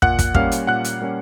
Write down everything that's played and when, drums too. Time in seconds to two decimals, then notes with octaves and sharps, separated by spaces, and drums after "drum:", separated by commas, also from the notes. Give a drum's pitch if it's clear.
0.02 A#2 F#5 F#6, drum: kick
0.19 drum: kick, hi-hat
0.34 G3 A#3 C#4 F5 F6, drum: kick
0.52 drum: hi-hat
0.67 A#2 F#5 F#6
0.84 drum: hi-hat
1.02 G3 A#3 C#4